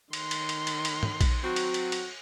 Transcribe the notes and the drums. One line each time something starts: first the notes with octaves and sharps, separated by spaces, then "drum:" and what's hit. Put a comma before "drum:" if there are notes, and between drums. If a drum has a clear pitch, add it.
D#3 C6, drum: cymbal
drum: cymbal
drum: cymbal
drum: cymbal
drum: cymbal
drum: tom
drum: kick A#1, cymbal
F#3 C4 F#4
drum: cymbal
drum: cymbal
drum: cymbal